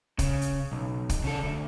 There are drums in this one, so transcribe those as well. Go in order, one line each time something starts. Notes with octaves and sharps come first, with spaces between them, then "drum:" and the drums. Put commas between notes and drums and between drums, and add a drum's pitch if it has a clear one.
C#3, drum: kick, hi-hat
drum: hi-hat
B1
drum: kick, hi-hat
C#3 A4
D2